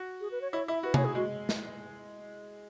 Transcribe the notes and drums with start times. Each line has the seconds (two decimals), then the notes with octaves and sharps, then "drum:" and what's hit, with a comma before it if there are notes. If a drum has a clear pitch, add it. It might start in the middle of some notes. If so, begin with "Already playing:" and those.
Already playing: F#4
0.21 G#4
0.31 B4
0.41 C#5
0.52 E4 C#5
0.68 E4 E5
0.83 F#4 B4
0.94 G#4 C#5, drum: tom C3
1.05 G#4
1.15 G#3 F#4
1.49 drum: snare